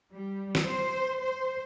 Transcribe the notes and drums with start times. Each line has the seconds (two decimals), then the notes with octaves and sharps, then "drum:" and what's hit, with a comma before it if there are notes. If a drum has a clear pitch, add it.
0.14 G3
0.55 drum: snare
0.67 C5
1.21 C5